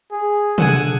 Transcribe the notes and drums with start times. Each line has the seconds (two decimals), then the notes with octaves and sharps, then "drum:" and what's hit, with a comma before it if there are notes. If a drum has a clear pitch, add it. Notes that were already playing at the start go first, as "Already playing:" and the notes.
0.12 G#4
0.58 D3 F#5 G#5, drum: tom